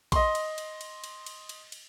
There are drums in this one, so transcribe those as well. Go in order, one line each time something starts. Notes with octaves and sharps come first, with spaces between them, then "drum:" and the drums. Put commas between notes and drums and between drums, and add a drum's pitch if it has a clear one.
D#5 C6, drum: kick A#1, cymbal
drum: cymbal
drum: cymbal
drum: cymbal
drum: cymbal
drum: cymbal
drum: cymbal
drum: cymbal